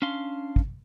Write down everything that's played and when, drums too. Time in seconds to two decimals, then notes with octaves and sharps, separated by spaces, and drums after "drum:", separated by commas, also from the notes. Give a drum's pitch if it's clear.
0.02 C#4 D4 F5 C6
0.56 drum: kick